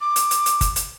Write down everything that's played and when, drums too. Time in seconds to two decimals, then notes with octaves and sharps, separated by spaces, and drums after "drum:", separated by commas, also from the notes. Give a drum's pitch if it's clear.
0.01 D6
0.16 drum: hi-hat
0.31 drum: hi-hat
0.46 drum: hi-hat
0.61 drum: kick G1, hi-hat
0.76 drum: hi-hat